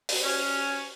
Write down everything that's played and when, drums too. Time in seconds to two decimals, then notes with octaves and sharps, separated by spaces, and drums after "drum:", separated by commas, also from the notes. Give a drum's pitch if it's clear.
0.09 drum: open hi-hat
0.24 C#4